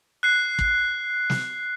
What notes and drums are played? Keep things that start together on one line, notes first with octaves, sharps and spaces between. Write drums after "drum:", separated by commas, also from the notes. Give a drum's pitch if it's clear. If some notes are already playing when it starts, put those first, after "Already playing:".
F#6 C7
drum: kick
drum: snare